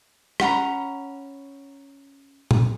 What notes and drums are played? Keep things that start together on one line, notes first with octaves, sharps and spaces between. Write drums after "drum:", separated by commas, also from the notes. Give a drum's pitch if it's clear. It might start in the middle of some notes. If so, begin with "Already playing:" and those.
C#4 F#5 A#5 B5, drum: rim click
drum: tom A#2